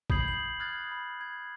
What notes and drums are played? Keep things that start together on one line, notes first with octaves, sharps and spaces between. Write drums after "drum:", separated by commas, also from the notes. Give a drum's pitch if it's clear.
B5 D#6 G6 G#6 C7 F#7, drum: kick
F#7
D#6 F6 F#6 G#6 A6
B5
G#6